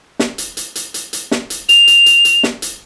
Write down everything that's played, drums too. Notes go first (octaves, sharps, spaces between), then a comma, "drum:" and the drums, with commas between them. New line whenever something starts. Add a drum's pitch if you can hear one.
drum: snare
drum: hi-hat
drum: hi-hat
drum: hi-hat
drum: hi-hat
drum: hi-hat
drum: snare
drum: hi-hat
F7, drum: hi-hat
drum: hi-hat
drum: hi-hat
drum: hi-hat
drum: snare
drum: hi-hat